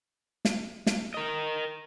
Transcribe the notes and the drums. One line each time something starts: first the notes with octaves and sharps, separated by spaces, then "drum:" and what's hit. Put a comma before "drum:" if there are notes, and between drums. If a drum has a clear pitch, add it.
drum: snare
drum: snare
A#4 D#5